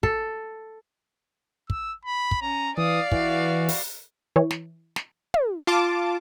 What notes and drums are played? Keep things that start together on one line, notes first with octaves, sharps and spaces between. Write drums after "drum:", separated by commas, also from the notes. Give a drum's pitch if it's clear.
A4, drum: kick
E6, drum: kick
B5
drum: kick
C#4 A#5
E3 D5 F5 D#6
E3 F#4, drum: kick
drum: open hi-hat
E3 C#5
drum: snare
drum: snare
drum: tom
F4 A5 D6